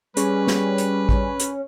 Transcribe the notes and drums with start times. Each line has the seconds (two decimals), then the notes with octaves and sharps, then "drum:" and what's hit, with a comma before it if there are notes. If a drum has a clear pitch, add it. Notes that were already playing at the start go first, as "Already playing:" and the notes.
0.17 G3 C#4 G#4 B4, drum: hi-hat
0.47 drum: snare
0.78 drum: hi-hat
1.09 drum: kick A1
1.40 drum: hi-hat